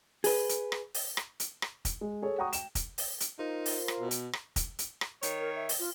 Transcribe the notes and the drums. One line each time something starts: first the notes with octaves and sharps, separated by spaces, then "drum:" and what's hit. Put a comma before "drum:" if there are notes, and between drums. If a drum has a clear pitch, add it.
G#4 B4, drum: open hi-hat
drum: hi-hat
drum: rim click
drum: open hi-hat
drum: rim click
drum: hi-hat
drum: rim click
drum: kick, hi-hat
G#3
G#4 A4 C#5
F#5 G5 A#5 C#6 D#6
G5 E7, drum: hi-hat
drum: kick, hi-hat
drum: open hi-hat
drum: hi-hat
D#4 F4 A#4 C5
drum: open hi-hat
drum: rim click
B2
drum: hi-hat
drum: rim click
drum: kick, hi-hat
drum: hi-hat
drum: rim click
D#3 C#5, drum: hi-hat
A#4
E5
drum: open hi-hat
F4